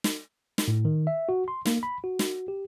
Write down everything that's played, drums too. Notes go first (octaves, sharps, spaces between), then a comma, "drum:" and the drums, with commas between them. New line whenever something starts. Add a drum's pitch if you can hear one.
drum: snare
drum: snare
A2
D#3
E5
F#4
C6
A#3, drum: snare
B5
F#4
drum: snare
G4